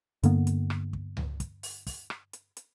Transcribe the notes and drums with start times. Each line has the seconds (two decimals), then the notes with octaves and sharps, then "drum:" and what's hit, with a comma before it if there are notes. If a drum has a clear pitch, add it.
0.23 G2 D3 A#3 B3, drum: hi-hat
0.47 drum: hi-hat
0.70 drum: rim click
0.93 drum: kick
1.17 drum: tom C#2
1.40 drum: kick, hi-hat
1.63 drum: open hi-hat
1.87 drum: kick, open hi-hat
2.10 drum: rim click
2.33 drum: hi-hat
2.57 drum: hi-hat